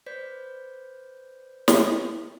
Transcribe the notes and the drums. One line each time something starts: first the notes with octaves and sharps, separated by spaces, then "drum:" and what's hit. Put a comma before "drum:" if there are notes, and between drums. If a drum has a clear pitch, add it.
B4 C5 D5 G6 B6
drum: snare